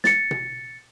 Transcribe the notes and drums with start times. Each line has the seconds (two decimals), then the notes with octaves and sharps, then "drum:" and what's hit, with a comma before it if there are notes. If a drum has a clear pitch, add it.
0.04 A6 C#7, drum: snare
0.31 drum: tom B2